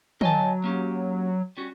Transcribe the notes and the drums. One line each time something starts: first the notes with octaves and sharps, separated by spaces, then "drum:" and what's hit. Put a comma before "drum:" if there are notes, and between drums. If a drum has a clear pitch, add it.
F#3 D#5 G#5 A5, drum: tom
A#3 C#4 G4
G3 C#4 F#4